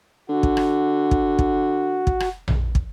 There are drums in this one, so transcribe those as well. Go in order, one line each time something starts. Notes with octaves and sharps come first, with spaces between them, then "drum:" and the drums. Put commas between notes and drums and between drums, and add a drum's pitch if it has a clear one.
D3 F#4
drum: kick
drum: rim click
drum: kick
drum: kick
drum: kick
drum: rim click
drum: tom A#1
drum: kick